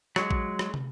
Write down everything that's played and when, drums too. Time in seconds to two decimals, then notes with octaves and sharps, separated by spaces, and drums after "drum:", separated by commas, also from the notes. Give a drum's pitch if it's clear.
0.16 F#3 G#3, drum: rim click
0.31 drum: kick A1
0.59 drum: rim click
0.74 drum: tom